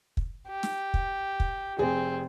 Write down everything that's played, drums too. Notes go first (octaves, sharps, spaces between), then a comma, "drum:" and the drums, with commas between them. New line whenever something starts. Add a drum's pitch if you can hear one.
drum: kick
G4
drum: snare
drum: kick
drum: kick
F1 C4 G#4